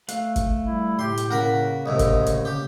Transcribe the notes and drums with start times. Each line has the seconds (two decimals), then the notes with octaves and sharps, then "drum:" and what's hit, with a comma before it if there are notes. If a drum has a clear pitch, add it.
0.08 A3 F5 F#6, drum: hi-hat
0.36 drum: kick, hi-hat
0.66 G3 E4
0.99 A2 G4 C6
1.17 drum: hi-hat
1.31 C#3 A#3 A#4 F#5 B5
1.86 C2 A2 D3 D#5
1.99 drum: kick, hi-hat
2.26 drum: hi-hat
2.45 G4